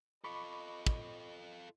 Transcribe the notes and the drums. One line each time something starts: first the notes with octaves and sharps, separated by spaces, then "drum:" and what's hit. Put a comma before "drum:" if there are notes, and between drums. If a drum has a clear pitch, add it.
F4 A4 D#5 B5 C#6 D6
drum: kick